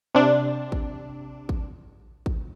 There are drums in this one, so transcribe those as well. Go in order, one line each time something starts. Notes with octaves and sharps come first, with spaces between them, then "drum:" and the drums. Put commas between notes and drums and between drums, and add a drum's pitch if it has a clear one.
C3 D4
drum: kick
drum: kick
drum: kick